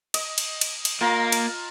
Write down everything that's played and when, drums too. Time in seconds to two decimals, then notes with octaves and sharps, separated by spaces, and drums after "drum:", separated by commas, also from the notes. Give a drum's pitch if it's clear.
0.14 D#5, drum: cymbal
0.38 drum: cymbal
0.61 drum: cymbal
0.85 drum: cymbal
1.01 A#3 F4 A#5
1.32 drum: cymbal